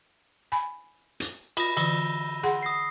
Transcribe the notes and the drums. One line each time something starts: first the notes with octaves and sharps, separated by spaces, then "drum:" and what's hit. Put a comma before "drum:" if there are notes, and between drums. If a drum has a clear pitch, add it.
G#5 B5
drum: hi-hat
F4 B5 A#6, drum: cymbal
D3 E3 E6 A#6 G7, drum: cymbal
G#4 F#5 C6
D#6 A#6 C7